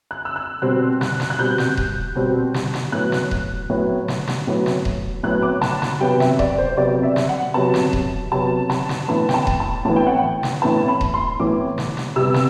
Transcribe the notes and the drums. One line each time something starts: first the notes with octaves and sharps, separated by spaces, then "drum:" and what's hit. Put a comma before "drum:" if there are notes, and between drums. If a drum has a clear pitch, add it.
F#6
E6
F#6
B2 G3 C4 F#6
F#6, drum: snare
drum: snare
F#6
B2 G3 C4 G6
drum: snare
drum: kick D#1
B2 G3 C4
drum: snare
drum: snare
A2 F#3 B3 F#6
drum: snare
drum: kick D#1
A2 F#3 B3
drum: snare
drum: snare
A2 F#3 B3
drum: snare
drum: kick D#1
A2 F#3 B3 F#6
D6
A5, drum: snare
A5, drum: snare
C3 F#3 B3 G5
E5, drum: snare
D5, drum: kick D#1
C5
C3 F#3 B3 D5
D5
E5
drum: snare
F#5
C3 F#3 B3 A5
drum: snare
drum: kick D#1
C3 F#3 B3 A5
A5, drum: snare
drum: snare
A2 E3 B3 A5
G5, drum: snare
A5
drum: kick D#1
A5
A2 E3 B3 A5
G5
F#5
G5
drum: snare
A2 E3 B3 A5
B5
drum: kick D#1
C6
A2 E3 B3 D6
drum: snare
drum: snare
C3 G3 B3 E6
E6, drum: snare